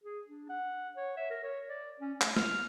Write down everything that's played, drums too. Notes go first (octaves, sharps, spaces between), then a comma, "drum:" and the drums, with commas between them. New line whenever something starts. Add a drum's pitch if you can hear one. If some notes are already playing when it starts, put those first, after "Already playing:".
G#4
D4
F#5
C#5
E5
A#4
C#5
D5
C#4
A3, drum: clap
F6, drum: snare